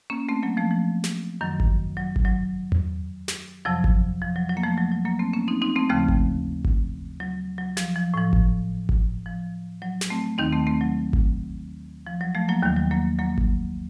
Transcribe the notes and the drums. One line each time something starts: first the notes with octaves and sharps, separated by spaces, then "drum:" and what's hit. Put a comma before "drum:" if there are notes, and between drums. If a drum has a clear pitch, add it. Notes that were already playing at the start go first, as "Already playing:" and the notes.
A#3 C#4
A3 C4
F#3 A#3
F3 A3
F3
drum: snare
F#2 D#3 F#3
drum: kick G#1
F#3
drum: kick G#1
F#3
drum: tom E2
drum: snare
F2 C3 F3 F#3
drum: kick G#1
F3
F#3
F#3
A#3
F3 A3
F#3
F#3
F#3 A#3
A3 C4
A#3 C#4
C4 D#4
C4 D#4
A3 C4
D#2 C#3 F3 A3 C4
drum: kick G#1
drum: kick G#1
F#3
F#3
F3, drum: snare
F3
A2 F3
drum: kick G#1
drum: kick G#1
F3
F#3
drum: snare
A3 C4
D#2 D#3 C4 D#4
A3 C4
A3 C4
F#3
drum: kick G#1
F3
F#3
F3 A3
F#3 A#3
D#2 D#3 F#3
F#3
F#3 A#3
F#3 A#3
drum: kick G#1